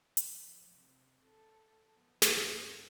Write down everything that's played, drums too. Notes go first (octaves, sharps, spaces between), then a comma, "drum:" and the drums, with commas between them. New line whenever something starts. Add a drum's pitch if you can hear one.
F3, drum: hi-hat
C3
A4
F3 B3
G2 C4, drum: snare
C#4